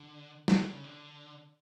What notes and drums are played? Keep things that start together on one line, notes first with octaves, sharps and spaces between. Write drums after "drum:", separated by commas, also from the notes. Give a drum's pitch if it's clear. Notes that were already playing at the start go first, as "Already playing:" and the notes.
Already playing: D3
drum: snare
D3
C#3
D3